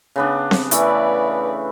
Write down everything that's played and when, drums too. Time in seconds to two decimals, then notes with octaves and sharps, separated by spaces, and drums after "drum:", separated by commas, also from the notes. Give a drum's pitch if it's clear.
0.16 C#3 B3 D4
0.51 drum: snare C4
0.71 E3 A3 B4 D5, drum: hi-hat